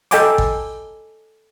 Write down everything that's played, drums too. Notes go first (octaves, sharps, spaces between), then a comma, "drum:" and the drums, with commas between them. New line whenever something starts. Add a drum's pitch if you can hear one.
A4 D#5 G5 G#5 C6 D6, drum: hi-hat
drum: kick G#1